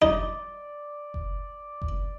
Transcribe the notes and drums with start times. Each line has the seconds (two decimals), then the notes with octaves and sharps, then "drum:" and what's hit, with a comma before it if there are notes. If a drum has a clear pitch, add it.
0.02 D#4 D5, drum: kick F#1
1.14 drum: kick F#1
1.82 drum: kick F#1